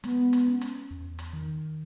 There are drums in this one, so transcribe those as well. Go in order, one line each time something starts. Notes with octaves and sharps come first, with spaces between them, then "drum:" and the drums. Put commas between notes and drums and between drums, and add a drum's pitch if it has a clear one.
G#3 B3, drum: hi-hat
drum: hi-hat
C#4
drum: hi-hat
E2
drum: hi-hat
D#3